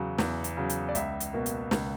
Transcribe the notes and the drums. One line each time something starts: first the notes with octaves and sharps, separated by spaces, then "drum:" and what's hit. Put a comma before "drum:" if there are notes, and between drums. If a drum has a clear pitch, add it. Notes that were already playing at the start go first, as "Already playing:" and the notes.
Already playing: E2 C#3 F#3
E2, drum: snare
drum: hi-hat
C#3 F#3
drum: hi-hat
D5
C#2 E5, drum: hi-hat
drum: hi-hat
B2 A#3
drum: hi-hat
C#2, drum: snare